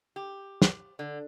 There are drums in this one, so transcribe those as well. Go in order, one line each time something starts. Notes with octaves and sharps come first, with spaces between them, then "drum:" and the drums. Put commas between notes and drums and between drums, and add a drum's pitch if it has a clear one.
G4
drum: snare
D3